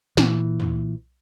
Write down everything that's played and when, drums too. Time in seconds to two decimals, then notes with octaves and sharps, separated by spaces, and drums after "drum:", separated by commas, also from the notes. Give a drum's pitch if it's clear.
0.17 A#2 E3, drum: snare
0.60 drum: tom